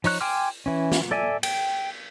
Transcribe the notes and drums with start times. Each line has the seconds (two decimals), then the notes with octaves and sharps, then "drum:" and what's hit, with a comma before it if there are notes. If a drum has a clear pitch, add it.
0.04 F3 D#4 C#5 F#6, drum: open hi-hat
0.21 G5 G#5 C6 D6 F6
0.66 E3 C#4
0.92 drum: snare
1.11 A4 D5 E5 G#5
1.43 G5, drum: cymbal